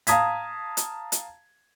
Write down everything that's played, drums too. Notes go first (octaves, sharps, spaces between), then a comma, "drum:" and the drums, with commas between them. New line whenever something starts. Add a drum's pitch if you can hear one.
F5 A5 A#5 D#6 G#6 B6, drum: hi-hat
drum: hi-hat
drum: hi-hat